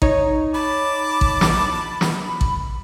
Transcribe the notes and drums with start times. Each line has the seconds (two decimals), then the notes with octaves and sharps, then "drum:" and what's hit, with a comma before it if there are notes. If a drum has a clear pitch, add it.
0.02 D#4 C#5, drum: kick A1
0.54 A5 B5 D6
1.21 drum: kick A1
1.41 drum: snare
2.01 drum: snare
2.41 drum: kick A1